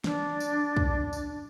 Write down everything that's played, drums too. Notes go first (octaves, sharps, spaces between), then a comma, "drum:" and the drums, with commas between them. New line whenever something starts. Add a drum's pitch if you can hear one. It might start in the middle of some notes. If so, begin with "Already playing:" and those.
D4, drum: snare
drum: tambourine
drum: kick
drum: tambourine